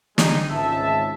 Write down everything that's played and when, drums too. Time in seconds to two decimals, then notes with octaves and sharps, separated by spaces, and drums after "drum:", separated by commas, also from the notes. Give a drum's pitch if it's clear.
0.18 D3 G3 G#3 D#4, drum: snare
0.51 G#1 C#2 E5 A5